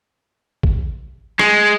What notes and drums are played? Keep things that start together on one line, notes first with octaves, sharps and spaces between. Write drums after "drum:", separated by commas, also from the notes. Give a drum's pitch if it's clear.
drum: kick
G#3, drum: rim click